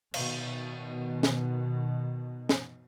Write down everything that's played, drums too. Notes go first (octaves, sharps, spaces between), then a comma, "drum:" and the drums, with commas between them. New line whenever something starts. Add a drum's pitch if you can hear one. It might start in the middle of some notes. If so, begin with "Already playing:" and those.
B2 D#3, drum: cymbal
drum: snare
drum: snare